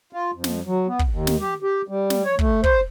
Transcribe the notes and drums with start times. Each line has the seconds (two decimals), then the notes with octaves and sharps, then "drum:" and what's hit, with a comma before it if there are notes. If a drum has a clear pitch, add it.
0.13 F4
0.33 F2
0.44 drum: snare
0.65 F#3
0.87 B3
0.99 drum: kick
1.09 D#2
1.27 drum: snare
1.41 G4
1.63 G4
1.88 G3
2.10 drum: snare
2.25 C#5
2.39 A3, drum: kick
2.64 C5, drum: kick